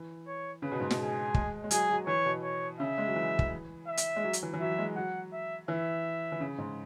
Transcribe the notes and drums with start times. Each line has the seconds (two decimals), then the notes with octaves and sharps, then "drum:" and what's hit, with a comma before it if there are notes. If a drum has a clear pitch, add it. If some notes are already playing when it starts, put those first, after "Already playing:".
Already playing: E3
0.27 C#5
0.62 C#3 B4
0.72 B2
0.80 G#2
0.91 B2, drum: snare
1.00 G#4
1.34 G#3, drum: kick
1.64 G#3
1.71 F#3 G#4, drum: hi-hat
1.90 F#3
2.07 E3 C#5
2.26 B2
2.43 C#5
2.80 C#3 E5
2.98 G#3
3.07 F#3
3.16 E3
3.39 drum: kick
3.87 E5
3.97 drum: hi-hat
4.16 G#3
4.24 F#3
4.33 drum: hi-hat
4.43 E3
4.53 E3
4.61 F#3 E5
4.71 F#3
4.78 G#3
4.96 F#3 F#5
5.33 E5
5.68 E3 E5
6.32 E3
6.40 C#3
6.58 G#2